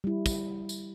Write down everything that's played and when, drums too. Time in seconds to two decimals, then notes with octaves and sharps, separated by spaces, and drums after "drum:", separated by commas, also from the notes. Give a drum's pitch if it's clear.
0.04 G3 E4
0.26 drum: kick, tambourine
0.69 drum: tambourine